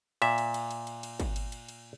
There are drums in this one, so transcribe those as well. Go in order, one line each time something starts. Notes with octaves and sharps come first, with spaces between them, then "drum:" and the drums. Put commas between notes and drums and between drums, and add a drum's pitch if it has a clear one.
A#2 E5, drum: cymbal
drum: cymbal
drum: cymbal
drum: cymbal
drum: cymbal
drum: cymbal
drum: kick, cymbal
drum: cymbal
drum: cymbal
drum: cymbal